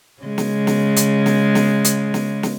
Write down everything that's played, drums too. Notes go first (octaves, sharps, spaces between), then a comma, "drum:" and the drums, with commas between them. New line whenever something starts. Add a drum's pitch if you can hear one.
C#3 G#3
drum: snare
drum: snare
drum: hi-hat
drum: snare
drum: snare
drum: hi-hat
drum: snare
drum: snare